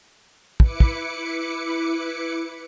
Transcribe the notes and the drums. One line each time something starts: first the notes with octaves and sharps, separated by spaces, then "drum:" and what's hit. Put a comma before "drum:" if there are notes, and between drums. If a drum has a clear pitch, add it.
E4 B4 D6 C#7, drum: kick
drum: kick